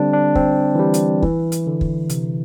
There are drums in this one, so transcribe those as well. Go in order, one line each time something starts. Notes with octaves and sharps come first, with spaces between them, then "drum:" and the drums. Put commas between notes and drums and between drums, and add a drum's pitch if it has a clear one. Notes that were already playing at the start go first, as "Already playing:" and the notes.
Already playing: D3 G3 C4 D4
D4
C4, drum: kick
E3
G3
drum: hi-hat
E3, drum: kick
drum: hi-hat
D3
drum: kick
C3, drum: hi-hat